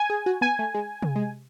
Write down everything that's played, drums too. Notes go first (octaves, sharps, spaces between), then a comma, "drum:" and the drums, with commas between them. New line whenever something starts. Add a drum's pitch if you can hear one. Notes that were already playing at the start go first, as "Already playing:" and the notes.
Already playing: G#5
G#4
F#4
B3 G#5
A3
G#3
drum: tom C3
G#3